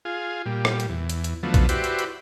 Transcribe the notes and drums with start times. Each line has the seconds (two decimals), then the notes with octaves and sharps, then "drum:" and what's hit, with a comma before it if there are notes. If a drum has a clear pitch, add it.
0.05 F4 G#4
0.46 A#2 G3
0.65 drum: rim click
0.80 drum: hi-hat
0.89 E2
1.09 drum: hi-hat
1.24 drum: hi-hat
1.43 D3 F3 F#3 A3 B3
1.54 drum: kick A#1, hi-hat
1.69 E4 F#4 G4 B4 C5 D5, drum: hi-hat
1.84 drum: hi-hat
1.99 drum: hi-hat